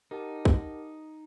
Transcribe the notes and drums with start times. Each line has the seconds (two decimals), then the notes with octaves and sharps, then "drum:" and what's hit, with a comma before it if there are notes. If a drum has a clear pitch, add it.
0.11 D#4 G4 A#4 F#5 A5
0.45 drum: kick